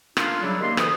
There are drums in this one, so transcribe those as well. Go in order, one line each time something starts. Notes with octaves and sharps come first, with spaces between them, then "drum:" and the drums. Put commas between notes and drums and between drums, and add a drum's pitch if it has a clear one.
A#3 D4 F4, drum: rim click
C#3 F#3 G3 D4 E4
D#3 A#3 G4 C6
D2 E3 B4 D#6, drum: rim click